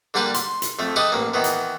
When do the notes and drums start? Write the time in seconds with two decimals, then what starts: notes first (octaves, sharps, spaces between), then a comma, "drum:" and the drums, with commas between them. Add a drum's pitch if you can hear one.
0.14 D3 G3 A#3 G4 B4
0.34 C6, drum: hi-hat
0.62 drum: hi-hat
0.79 F2 A3
0.96 G4 A4 B4 D#5
1.12 A1 A#3
1.34 D#3 E3 B3
1.44 drum: hi-hat